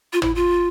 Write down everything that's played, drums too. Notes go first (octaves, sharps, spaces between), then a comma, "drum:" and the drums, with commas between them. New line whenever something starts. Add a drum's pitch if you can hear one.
F4
E4, drum: tom G#1
F4